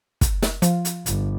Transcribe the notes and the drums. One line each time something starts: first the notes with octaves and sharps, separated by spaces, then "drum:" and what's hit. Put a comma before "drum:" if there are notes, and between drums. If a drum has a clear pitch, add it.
drum: kick, hi-hat
drum: snare
F3, drum: hi-hat
drum: hi-hat
G1, drum: hi-hat